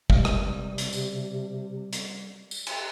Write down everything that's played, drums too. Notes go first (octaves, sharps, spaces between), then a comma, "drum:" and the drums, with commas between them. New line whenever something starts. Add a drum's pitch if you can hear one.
C3 G3 G#3, drum: kick
drum: rim click
drum: hi-hat
drum: tambourine
drum: hi-hat
drum: tambourine
drum: cymbal